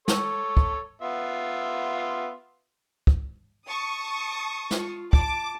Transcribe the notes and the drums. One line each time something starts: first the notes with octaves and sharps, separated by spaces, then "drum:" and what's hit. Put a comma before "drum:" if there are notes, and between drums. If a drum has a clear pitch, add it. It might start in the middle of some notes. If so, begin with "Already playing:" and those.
A4 C#5, drum: snare
drum: kick
B3 F4 E5
drum: kick
A5 C#6 D#6
F4, drum: snare
A5 D6, drum: kick